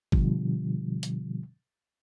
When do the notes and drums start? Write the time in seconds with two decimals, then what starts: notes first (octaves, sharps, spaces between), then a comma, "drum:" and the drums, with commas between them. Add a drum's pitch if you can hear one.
0.12 B2 D3 F3 G3, drum: kick
1.03 drum: hi-hat